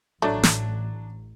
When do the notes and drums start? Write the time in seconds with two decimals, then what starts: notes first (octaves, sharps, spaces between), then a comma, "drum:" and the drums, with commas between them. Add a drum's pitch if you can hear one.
0.22 A1 F#3 A3 D4
0.43 drum: snare